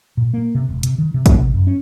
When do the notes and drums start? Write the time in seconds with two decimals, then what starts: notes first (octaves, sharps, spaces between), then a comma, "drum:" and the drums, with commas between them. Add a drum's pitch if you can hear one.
0.17 A#2
0.34 A#3
0.55 C3
0.69 E1
0.83 C3, drum: hi-hat
0.98 D#3
1.14 C3
1.26 A#3, drum: kick, hi-hat
1.39 C3
1.54 F#2
1.67 C#4